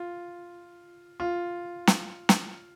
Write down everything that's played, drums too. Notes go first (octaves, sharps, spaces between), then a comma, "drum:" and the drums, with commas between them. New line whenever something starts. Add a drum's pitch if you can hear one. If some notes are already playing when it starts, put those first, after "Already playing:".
Already playing: F4
F4
drum: snare
drum: snare